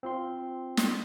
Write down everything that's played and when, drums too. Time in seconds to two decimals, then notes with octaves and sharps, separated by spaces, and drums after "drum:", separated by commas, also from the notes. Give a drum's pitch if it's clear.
0.03 C4 F4 C6
0.77 drum: snare